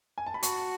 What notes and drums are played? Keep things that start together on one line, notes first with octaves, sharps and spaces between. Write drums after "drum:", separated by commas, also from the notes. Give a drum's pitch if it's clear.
G#5
A5
B5
F#4 A5 C#6, drum: hi-hat